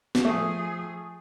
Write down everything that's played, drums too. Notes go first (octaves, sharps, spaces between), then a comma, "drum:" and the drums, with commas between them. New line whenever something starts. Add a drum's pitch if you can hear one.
drum: snare
F3 A3 G#4